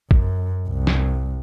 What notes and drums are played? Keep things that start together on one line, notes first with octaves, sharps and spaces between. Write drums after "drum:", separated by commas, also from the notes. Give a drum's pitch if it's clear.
F#2, drum: kick
C2
drum: snare